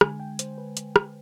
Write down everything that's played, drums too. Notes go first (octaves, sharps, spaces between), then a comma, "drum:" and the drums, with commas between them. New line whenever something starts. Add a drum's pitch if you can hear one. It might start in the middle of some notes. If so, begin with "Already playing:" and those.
D3 G#3 G#5, drum: rim click
G5
C5, drum: hi-hat
B4
drum: hi-hat
drum: rim click